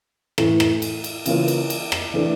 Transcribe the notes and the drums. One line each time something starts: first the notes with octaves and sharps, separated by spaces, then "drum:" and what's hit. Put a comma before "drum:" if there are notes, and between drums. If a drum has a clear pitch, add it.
A2 E3 A3, drum: rim click
drum: rim click
drum: cymbal
drum: cymbal
C#3 E3 A#3 C#4 F4, drum: cymbal
drum: cymbal
drum: cymbal
drum: rim click
E3 A3 D4